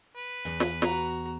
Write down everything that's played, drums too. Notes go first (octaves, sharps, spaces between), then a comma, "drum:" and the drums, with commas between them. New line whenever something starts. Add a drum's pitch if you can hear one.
B4
E2
drum: snare
F#4 A#5, drum: snare